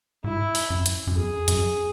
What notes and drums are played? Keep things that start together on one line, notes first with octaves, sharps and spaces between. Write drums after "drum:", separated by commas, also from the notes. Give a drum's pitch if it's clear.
G#2 E4
drum: open hi-hat
F#2
drum: hi-hat
F#2
E2 G#4
F#2, drum: hi-hat